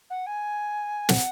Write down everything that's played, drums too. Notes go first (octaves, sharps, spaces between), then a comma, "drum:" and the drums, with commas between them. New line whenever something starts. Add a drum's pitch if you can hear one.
F#5
G#5
F#5, drum: snare